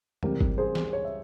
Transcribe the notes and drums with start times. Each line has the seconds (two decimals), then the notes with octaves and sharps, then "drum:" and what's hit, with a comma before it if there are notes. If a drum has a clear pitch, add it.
0.23 C#2 C3 E3 G3 C4 G4 A#4, drum: tom
0.40 drum: kick G#1
0.58 G#4 C5
0.75 drum: snare
0.93 C#5
1.05 E5